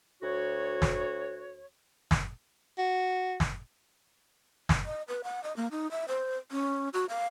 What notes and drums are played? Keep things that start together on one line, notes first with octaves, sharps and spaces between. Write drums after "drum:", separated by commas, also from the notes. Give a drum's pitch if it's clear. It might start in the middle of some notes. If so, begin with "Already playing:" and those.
D2 F#4 C#5
drum: snare
drum: snare
F#4
drum: snare
drum: snare
D#5
B4
F#5
D#5
A#3
D#4
E5
C5
C#4
F#4
F5